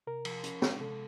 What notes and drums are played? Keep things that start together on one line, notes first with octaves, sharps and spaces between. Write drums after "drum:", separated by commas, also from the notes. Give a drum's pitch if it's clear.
C3 A#4
F3, drum: cymbal
C#4, drum: hi-hat
G#3, drum: snare
C3 A4